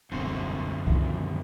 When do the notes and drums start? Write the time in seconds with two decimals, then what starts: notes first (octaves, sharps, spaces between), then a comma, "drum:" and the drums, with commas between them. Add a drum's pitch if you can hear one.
0.12 E1 C2 F#2 D3 C4
0.87 A#2 D#3 F3, drum: kick C2